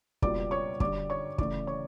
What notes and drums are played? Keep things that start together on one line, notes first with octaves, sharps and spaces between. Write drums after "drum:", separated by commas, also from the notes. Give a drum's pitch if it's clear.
C#2 B2 G3 A#3 D5 D6, drum: kick
C#5 C#6
G2 D3 G3 D5 D6, drum: kick
C#5 C#6
C#3 E3 A3 D5 D6, drum: kick
C#5 C#6